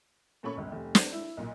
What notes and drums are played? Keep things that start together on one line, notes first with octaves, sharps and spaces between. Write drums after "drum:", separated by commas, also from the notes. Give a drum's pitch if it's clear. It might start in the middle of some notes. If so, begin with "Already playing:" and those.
A#2 A3 C#4 B5 C#6
G1 C#2
F1
C4, drum: snare
E4
B1 A#2